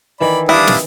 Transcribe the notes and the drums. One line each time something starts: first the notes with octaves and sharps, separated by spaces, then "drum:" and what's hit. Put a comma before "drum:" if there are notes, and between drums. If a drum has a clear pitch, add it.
D#3 E3 D5 E5 B5
G3 D4 E4 F5 D#6
drum: snare